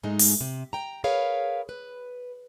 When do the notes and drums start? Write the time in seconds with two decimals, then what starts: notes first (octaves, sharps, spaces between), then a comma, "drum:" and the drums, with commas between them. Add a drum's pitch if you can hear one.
0.03 G#2 G#3 A3 D#4
0.19 drum: open hi-hat
0.41 C3
0.73 G5 A#5
1.04 G#4 A#4 B4 C#5 F5
1.69 B4